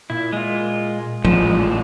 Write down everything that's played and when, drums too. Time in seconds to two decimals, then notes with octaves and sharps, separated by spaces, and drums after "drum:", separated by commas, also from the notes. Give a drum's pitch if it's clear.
0.10 A#2 E4
0.33 G#3 F4
1.25 A1 A#2 F3 G#3, drum: tom F3